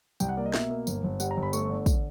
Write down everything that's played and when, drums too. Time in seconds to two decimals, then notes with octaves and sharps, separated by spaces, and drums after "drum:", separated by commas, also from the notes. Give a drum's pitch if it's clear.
0.20 C2 G5, drum: tambourine
0.29 F#5
0.37 A#3 D5
0.46 D#5
0.54 B2 E5, drum: snare
0.70 A#3
0.87 G1, drum: tambourine
1.04 G1
1.20 G3 F#5, drum: tambourine
1.31 A#5
1.37 G1
1.43 B5
1.53 A3 C#6, drum: tambourine
1.70 D3
1.86 drum: kick, tambourine